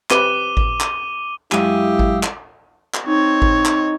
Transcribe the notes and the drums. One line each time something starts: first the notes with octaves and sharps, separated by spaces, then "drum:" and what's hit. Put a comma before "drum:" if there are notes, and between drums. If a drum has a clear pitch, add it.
C4 G4 B4 D6 D#7 G7, drum: clap
drum: kick G#1
drum: clap
F#2 G#3 E4 G4 F5 G#5 D#6 E6, drum: clap
drum: kick G#1
drum: clap
drum: clap
C4 D#4 C#5
drum: kick G#1
drum: clap